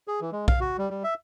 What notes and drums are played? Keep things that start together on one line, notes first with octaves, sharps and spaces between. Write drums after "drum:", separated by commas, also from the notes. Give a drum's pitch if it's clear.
G#4
E3
G#3
F5, drum: kick B1
F#4
G3
G3
E5